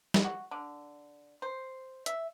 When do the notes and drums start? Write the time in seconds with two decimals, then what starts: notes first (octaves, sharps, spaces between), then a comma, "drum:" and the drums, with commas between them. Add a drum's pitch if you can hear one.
0.14 drum: snare
0.25 F#4
0.51 D3
1.42 C5
2.06 E5, drum: hi-hat